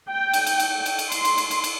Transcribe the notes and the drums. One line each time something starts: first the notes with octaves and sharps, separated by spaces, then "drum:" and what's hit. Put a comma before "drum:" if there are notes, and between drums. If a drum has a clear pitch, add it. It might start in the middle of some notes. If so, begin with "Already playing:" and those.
G5
drum: cymbal
drum: cymbal
drum: cymbal
drum: cymbal
drum: cymbal
C6, drum: cymbal
drum: cymbal
drum: cymbal
drum: cymbal
drum: cymbal